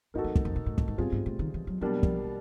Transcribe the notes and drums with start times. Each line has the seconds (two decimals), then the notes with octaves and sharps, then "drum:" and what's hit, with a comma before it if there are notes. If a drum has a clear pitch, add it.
0.14 F#2 A#3 D#4 F#4 A4
0.24 F2
0.35 E2, drum: kick
0.45 F2
0.56 A#2
0.66 A2
0.78 A2, drum: kick
0.88 G#2
0.98 G2 B2 G3 C4 F4 G#4
1.12 G#2
1.26 A2
1.39 D#3
1.54 E3
1.67 F#3
1.81 B2 F#3 G3 A#3 D4
2.03 F3, drum: kick
2.24 E3